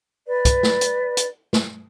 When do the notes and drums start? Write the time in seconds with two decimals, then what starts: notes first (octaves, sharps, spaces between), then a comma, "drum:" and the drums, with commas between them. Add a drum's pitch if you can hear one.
0.27 B4 D5
0.45 drum: kick, hi-hat
0.63 drum: snare
0.81 drum: hi-hat
1.17 drum: hi-hat
1.53 drum: snare